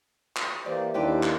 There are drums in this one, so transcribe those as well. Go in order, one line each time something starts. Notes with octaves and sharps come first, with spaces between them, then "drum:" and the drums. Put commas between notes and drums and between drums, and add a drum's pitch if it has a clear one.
drum: clap
E3 A#3 G4 C5 D5
D#2 D4 E4 G4 B4 C5 D5 G5
drum: clap